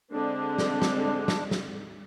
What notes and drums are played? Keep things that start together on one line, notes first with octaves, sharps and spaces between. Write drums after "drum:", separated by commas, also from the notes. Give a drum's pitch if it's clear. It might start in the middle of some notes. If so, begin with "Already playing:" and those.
D3 G#3 C4 D4
drum: snare
drum: snare
drum: snare
drum: snare